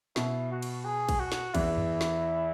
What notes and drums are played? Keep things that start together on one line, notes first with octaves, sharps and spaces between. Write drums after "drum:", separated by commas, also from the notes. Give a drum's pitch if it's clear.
B2 E4, drum: snare
F#4
drum: cymbal
G#4
drum: kick, cymbal
F#4
drum: snare
E2 E3 E4, drum: kick, cymbal
drum: tom F2
drum: snare